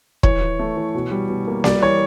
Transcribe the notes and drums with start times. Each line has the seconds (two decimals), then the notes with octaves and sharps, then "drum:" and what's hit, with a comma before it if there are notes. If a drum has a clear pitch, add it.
0.23 E3 C#5, drum: kick
0.41 E3
0.59 A3
0.76 E3
0.95 B2
1.11 G3
1.29 B2
1.47 A#3
1.64 G3 D5, drum: snare A#3
1.82 E3 C#5